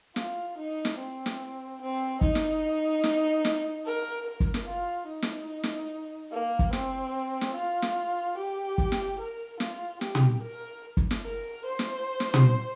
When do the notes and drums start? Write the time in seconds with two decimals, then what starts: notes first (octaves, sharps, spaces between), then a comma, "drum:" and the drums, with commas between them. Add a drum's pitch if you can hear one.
0.16 F4, drum: snare
0.57 D#4
0.85 drum: snare
0.99 C4
1.26 drum: snare
1.81 C4
2.21 D#4, drum: kick
2.35 drum: snare
3.04 drum: snare
3.45 drum: snare
3.86 A#4
4.26 A#4
4.40 drum: kick
4.54 drum: snare
4.67 F4
5.09 D#4
5.22 drum: snare
5.63 drum: snare
6.32 A#3
6.59 drum: kick
6.73 C4, drum: snare
7.41 drum: snare
7.55 F4
7.82 drum: snare
8.37 G4
8.78 drum: kick
8.92 drum: snare
9.19 A#4
9.60 F4, drum: snare
10.01 G4, drum: snare
10.15 drum: tom
10.42 A#4
10.97 drum: kick
11.11 drum: snare
11.25 A#4
11.65 C5
11.79 drum: snare
12.20 drum: snare
12.34 drum: tom